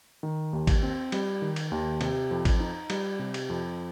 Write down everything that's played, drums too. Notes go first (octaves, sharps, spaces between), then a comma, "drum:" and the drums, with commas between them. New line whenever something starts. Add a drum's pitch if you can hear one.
D#3
D#2
drum: kick G#1, cymbal
C4
G3, drum: cymbal
D#3
drum: cymbal
D#2
C3, drum: cymbal
F2
drum: kick G#1, cymbal
D#4
G3, drum: cymbal
C3
drum: cymbal
F2